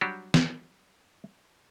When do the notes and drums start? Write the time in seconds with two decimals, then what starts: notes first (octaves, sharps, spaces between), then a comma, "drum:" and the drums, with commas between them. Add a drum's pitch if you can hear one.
0.01 F#3 G3 D4 F#4 G4
0.34 drum: snare